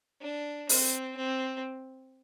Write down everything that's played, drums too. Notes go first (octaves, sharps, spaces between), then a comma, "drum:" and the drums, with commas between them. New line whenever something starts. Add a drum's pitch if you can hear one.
D4
C4, drum: open hi-hat
C4